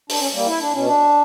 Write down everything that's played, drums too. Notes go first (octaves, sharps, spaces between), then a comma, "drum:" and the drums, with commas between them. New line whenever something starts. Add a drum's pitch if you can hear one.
D4, drum: open hi-hat
C#4
G3 A#3
E4
D4
B2 C#4
D4